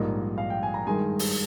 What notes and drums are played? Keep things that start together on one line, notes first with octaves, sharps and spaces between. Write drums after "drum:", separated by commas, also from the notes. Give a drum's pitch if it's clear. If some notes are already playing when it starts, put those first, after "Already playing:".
Already playing: A#1 G#2 G3 A#3 D#5
F5
G5
G#5
A#5
G2 D#3 G#3 G#5
drum: open hi-hat